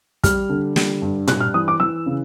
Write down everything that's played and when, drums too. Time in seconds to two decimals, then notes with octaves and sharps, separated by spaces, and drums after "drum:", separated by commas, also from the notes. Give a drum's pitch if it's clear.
0.24 G3 F6, drum: kick, hi-hat
0.49 D3
0.76 G3, drum: snare
1.02 G2
1.28 G3 F#6, drum: tom A#2
1.40 F6
1.54 E3 D#6
1.68 D6
1.80 E3 E6
2.06 C#3